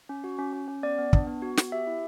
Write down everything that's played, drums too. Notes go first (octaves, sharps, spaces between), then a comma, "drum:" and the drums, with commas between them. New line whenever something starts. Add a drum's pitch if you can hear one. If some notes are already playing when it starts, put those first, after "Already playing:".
C#4
F#4
C#4
C#4
C#4
B3 D5
B3
D4, drum: kick
B3
F#4
B3, drum: snare
G4 E5
E4